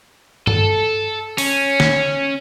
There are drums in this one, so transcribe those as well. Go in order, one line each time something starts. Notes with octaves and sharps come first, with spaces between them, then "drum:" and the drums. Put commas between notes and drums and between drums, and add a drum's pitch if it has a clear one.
A4, drum: tom G2
C#4, drum: open hi-hat
drum: snare